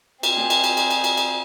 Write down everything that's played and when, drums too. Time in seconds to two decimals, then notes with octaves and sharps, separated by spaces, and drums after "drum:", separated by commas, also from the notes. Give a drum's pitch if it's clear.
0.23 C4 G#4, drum: cymbal
0.37 drum: snare
0.50 drum: cymbal
0.64 drum: cymbal
0.77 drum: cymbal
0.90 drum: cymbal
1.04 drum: cymbal
1.17 drum: cymbal